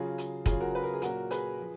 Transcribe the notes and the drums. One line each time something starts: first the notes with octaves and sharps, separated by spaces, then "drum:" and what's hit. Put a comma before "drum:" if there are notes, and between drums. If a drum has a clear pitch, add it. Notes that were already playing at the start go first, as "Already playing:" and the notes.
Already playing: C#3 F#3 F4 G#4
drum: hi-hat
C#3 F#3 F4 G#4, drum: kick, hi-hat
F#4 A#4
B4
A#4
G#4
A#2 F#3 F#4 A#4, drum: hi-hat
G#4 B4, drum: hi-hat
F3